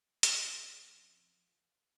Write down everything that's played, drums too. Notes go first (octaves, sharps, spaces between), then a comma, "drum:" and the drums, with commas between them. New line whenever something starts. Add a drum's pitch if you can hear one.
F2 C#4 F4, drum: hi-hat